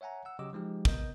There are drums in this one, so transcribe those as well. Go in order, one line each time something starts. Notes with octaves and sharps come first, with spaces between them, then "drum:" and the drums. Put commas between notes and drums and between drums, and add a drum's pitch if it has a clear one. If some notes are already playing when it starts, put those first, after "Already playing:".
C#5 E5 F#5 G#5 A#5
F#5 E6
C#3 F#3 G4 D#5 D6 E6
F3 G#3 D#4 G4
B3 A#4 D#5 G6, drum: kick